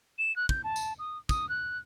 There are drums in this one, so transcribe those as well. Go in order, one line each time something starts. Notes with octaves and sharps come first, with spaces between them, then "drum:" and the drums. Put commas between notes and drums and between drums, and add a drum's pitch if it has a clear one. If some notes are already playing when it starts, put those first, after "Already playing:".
E7
F#6
G6, drum: kick
A5
drum: tambourine
D#6
D#6, drum: kick, tambourine
F#6